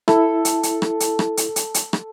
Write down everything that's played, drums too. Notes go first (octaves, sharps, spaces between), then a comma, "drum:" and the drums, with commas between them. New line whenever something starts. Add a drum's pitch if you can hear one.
E4 A4, drum: rim click
drum: hi-hat
drum: hi-hat
drum: rim click
drum: hi-hat
drum: rim click
drum: hi-hat
drum: hi-hat
drum: hi-hat
drum: rim click